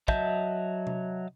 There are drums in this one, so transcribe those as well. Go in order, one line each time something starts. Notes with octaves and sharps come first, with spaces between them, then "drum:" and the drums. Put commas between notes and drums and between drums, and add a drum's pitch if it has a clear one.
F#3 D#5 E5 A5 G6, drum: kick
drum: tom C3